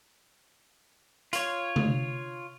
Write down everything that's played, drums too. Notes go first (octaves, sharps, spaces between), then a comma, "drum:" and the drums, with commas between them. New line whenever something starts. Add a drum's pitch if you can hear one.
F4 C#5, drum: hi-hat
drum: tom C3